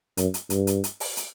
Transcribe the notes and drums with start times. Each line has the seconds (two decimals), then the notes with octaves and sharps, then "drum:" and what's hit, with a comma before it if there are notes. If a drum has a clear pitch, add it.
0.17 F#2, drum: hi-hat
0.34 drum: hi-hat
0.50 G2, drum: hi-hat
0.67 drum: hi-hat
0.84 drum: hi-hat
1.00 drum: open hi-hat
1.17 drum: hi-hat